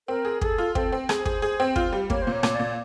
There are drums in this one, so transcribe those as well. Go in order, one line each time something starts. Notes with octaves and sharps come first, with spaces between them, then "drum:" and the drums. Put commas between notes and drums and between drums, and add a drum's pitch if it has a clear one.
C4 A#4
G#4
G#4 A4, drum: kick
F4
C4 A4, drum: kick
C4
G#4, drum: rim click
C5
G#4, drum: kick
G#4
C4
F4, drum: kick
G3
A#3 C#5, drum: kick
C5
A#2
C#5
A#2, drum: rim click
A#2 D5